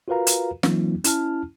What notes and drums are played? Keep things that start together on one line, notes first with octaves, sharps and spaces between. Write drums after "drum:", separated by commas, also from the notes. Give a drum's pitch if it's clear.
F4 F#4 A#4 B4 F5 A#5
drum: hi-hat
E3 F#3 A#3 C4 D#4 F4, drum: snare
C#4 E4 A5 F6, drum: hi-hat